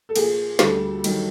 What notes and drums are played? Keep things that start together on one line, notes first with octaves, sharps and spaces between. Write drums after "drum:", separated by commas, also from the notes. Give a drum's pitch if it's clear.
A4
A#2 F3 A#3 G#4, drum: cymbal
D2 D3 G3 A4, drum: snare
G2 D#3 F#3, drum: cymbal